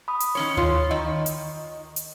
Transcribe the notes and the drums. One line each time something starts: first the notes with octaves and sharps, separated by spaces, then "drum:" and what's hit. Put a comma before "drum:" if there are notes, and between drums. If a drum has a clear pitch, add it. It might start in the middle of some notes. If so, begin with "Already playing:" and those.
B5 D#6
drum: hi-hat
D#3 C#4 C#5
F4 C#5, drum: tom D2
D#3 D#5
drum: hi-hat
drum: hi-hat